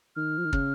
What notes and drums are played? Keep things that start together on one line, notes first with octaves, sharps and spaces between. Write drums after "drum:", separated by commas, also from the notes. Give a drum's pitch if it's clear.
D#3 F6
F3
D#3
C#3, drum: kick